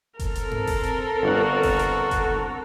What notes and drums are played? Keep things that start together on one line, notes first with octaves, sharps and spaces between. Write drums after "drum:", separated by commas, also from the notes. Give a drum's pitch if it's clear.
C4 A4 A#4, drum: kick F#1, hi-hat
drum: hi-hat
drum: tom G2
drum: kick F#1, open hi-hat
drum: hi-hat
G1 F#4 F#5
drum: kick F#1, open hi-hat
drum: hi-hat
drum: kick F#1, hi-hat